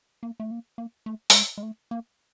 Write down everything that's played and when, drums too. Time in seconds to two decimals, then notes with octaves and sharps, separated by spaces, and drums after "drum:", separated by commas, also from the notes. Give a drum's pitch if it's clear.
0.23 A#3
0.40 A3
0.51 A#3
0.78 A#3
1.06 A3
1.30 G3, drum: open hi-hat
1.34 G#3
1.58 G#3
1.63 A3
1.91 A#3